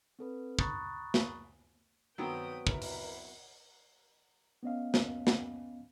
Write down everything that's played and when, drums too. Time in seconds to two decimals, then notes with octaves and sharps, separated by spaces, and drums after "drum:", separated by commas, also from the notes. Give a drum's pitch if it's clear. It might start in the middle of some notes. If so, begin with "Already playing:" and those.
0.19 C4 A4 B4
0.59 A#5 B5 C#6 D#6 F#6 A6, drum: kick
1.14 drum: snare
2.18 G2 D#3 F#3 B3 C4 B4 G5 D#6
2.67 E4 A#4, drum: kick
2.82 drum: open hi-hat
4.63 B3 C#4 D#5 F5
4.94 drum: snare
5.27 drum: snare